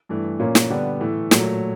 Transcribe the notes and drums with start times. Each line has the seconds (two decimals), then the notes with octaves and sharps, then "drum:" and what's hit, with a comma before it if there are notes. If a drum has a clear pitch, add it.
0.09 G2 E3 A3
0.39 A#2 F3 A#3 C#4 F4
0.55 drum: snare
0.70 D3 G3 B3 D4
1.01 A2 E3 A3
1.31 A#2 F#3 A3, drum: snare